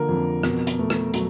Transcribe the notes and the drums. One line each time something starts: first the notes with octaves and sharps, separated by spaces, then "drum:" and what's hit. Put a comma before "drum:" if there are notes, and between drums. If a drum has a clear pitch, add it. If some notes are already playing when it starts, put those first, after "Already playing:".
Already playing: D3 F3 A#3 A#4
F2
B2, drum: rim click
drum: hi-hat
A3
drum: rim click
F#3, drum: hi-hat